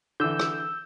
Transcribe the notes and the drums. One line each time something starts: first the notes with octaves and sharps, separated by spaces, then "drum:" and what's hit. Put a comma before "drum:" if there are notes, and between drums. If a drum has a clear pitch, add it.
D3 E3 E6 G6
drum: rim click